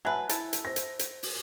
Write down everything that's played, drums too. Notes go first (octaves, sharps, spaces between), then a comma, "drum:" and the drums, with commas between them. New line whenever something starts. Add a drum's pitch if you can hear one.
F#3 B4 E5 G#5 A5
E4 A4, drum: hi-hat
drum: hi-hat
C5 A#6
drum: hi-hat
drum: hi-hat
drum: open hi-hat